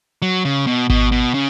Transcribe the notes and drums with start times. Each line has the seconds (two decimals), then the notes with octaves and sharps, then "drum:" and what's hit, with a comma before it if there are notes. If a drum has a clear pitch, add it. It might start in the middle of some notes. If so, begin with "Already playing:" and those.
0.22 F#3
0.45 C#3
0.67 B2
0.90 B2, drum: kick G#1
1.12 B2
1.34 C#3